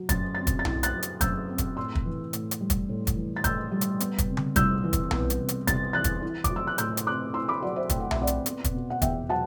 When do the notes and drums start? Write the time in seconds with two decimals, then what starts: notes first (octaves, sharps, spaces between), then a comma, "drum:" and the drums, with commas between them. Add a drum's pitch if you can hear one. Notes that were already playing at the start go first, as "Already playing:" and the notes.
Already playing: F#3
0.09 F#2 A6, drum: kick, hi-hat
0.35 C4 A6
0.47 drum: kick, hi-hat
0.59 A6
0.65 E4, drum: tom B1
0.83 F#6 A6, drum: hi-hat
0.93 F#3
1.02 drum: hi-hat
1.21 F#2 E6 G6, drum: kick, hi-hat
1.49 C4
1.58 drum: kick, hi-hat
1.77 A2 C6 E6
1.95 drum: kick
2.05 E3
2.33 A2, drum: hi-hat
2.51 drum: hi-hat
2.61 G3
2.70 drum: kick, hi-hat
2.89 A2
3.07 drum: kick, hi-hat
3.16 E3
3.36 A6
3.44 A2 E6 G6, drum: kick, hi-hat
3.72 G3
3.81 drum: hi-hat
4.00 B3, drum: hi-hat
4.18 drum: kick, hi-hat
4.28 C3
4.37 drum: tom C#3
4.56 C2 E6 G6, drum: kick, hi-hat
4.84 E3
4.93 drum: kick, hi-hat
5.11 B3, drum: tom B1
5.30 drum: hi-hat
5.39 C3
5.48 drum: hi-hat
5.67 C2 A6, drum: kick, hi-hat
5.93 E3 F#6 A6
6.04 drum: kick, hi-hat
6.22 E4
6.44 D6, drum: kick, hi-hat
6.50 F#3
6.56 E6
6.67 F#6
6.78 A2 E6 G6, drum: hi-hat
6.97 drum: hi-hat
7.07 C4 D6 F#6
7.34 E4 C6 E6
7.48 B5 D6
7.62 F#3 D5 F#5
7.76 C5 E5
7.89 A2 G5, drum: kick, hi-hat
8.00 F#5
8.11 E5, drum: tom B1
8.18 C4 D5 F#5
8.27 drum: hi-hat
8.46 B3, drum: hi-hat
8.64 drum: kick, hi-hat
8.74 B2
8.90 F#5
9.02 E2 E5 G5, drum: kick, hi-hat
9.29 F#3 F#5 A5